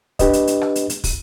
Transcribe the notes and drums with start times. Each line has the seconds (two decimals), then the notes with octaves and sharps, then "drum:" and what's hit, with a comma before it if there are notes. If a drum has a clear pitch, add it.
0.19 D4 G4 B4 D#5, drum: kick, hi-hat
0.33 drum: hi-hat
0.47 drum: hi-hat
0.61 drum: rim click
0.76 drum: hi-hat
0.90 drum: hi-hat
1.04 drum: kick, open hi-hat